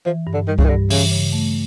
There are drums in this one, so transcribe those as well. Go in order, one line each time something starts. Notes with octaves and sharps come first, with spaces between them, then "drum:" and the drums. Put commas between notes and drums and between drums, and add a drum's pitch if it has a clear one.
E3 F3
G2
D3
D#3 G3
C#3, drum: kick C2
D#3
G2 D3
C#3 E3, drum: open hi-hat
C#3
A3